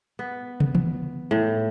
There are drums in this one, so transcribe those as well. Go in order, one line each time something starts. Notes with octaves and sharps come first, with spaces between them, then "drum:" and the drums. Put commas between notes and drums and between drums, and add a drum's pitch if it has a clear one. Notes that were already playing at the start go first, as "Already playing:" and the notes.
B3
drum: tom
drum: tom D#3
A2